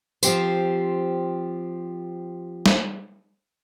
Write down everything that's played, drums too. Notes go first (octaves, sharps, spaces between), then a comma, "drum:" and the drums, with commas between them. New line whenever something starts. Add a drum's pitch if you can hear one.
F3 C4 G4 C5, drum: tambourine
drum: snare